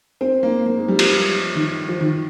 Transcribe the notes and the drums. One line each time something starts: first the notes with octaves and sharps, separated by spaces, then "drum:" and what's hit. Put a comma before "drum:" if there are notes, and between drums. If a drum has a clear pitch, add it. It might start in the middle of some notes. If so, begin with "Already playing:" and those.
C4
A#3
A#3
G#3
G3
F3, drum: cymbal
D#3
F3
D#3